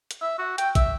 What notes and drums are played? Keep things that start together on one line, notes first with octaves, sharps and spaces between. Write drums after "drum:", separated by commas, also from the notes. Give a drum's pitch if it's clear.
drum: hi-hat
E5
F#4
G5, drum: hi-hat
E5, drum: kick A1, hi-hat